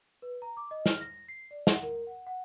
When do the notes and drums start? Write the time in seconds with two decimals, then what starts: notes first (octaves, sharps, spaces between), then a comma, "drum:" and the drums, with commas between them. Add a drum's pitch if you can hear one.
0.22 B4
0.42 A#5
0.57 D6
0.71 D#5
0.86 F6, drum: snare
1.01 A#6
1.28 C7
1.51 D5
1.67 F#5, drum: snare
1.83 A#4
2.07 F#5
2.27 F#5